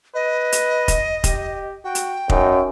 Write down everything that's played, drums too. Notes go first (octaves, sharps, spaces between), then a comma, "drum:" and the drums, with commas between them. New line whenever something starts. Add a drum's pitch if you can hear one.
B4 D#5
drum: hi-hat
drum: kick F1, hi-hat
G4, drum: kick F1, hi-hat
F#4 G5
drum: hi-hat
F#2 D#4, drum: kick F1